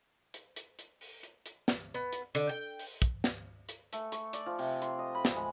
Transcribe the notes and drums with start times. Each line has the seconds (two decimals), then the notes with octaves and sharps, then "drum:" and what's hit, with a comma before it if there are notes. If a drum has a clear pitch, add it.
0.34 drum: hi-hat
0.56 drum: hi-hat
0.79 drum: hi-hat
1.01 drum: open hi-hat
1.23 drum: hi-hat
1.46 drum: hi-hat
1.68 drum: snare
1.94 B3
2.13 drum: hi-hat
2.35 D3, drum: hi-hat
2.49 G5
2.79 drum: open hi-hat
3.02 drum: kick, hi-hat
3.24 drum: snare
3.69 drum: hi-hat
3.93 A3, drum: hi-hat
4.12 C#6, drum: hi-hat
4.33 D5, drum: hi-hat
4.46 F3
4.59 C3, drum: open hi-hat
4.82 C6, drum: hi-hat
4.99 D#5
5.15 B5
5.25 drum: snare
5.36 G#3